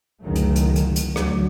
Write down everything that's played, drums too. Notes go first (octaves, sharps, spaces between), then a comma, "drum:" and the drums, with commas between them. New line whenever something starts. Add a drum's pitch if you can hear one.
C#2 F#2 D#3 F#3 G#3 A3
drum: hi-hat
drum: hi-hat
drum: hi-hat
drum: hi-hat
D2 F#3, drum: rim click